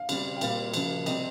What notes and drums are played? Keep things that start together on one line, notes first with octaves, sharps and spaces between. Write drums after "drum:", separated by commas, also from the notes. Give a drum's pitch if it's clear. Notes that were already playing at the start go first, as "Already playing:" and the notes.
Already playing: F5
C#3 G3 C4, drum: cymbal
G5
A#2 G3 C4 F5, drum: cymbal
C#3 F3 A#3, drum: cymbal
C3 G3 C4 D#5, drum: cymbal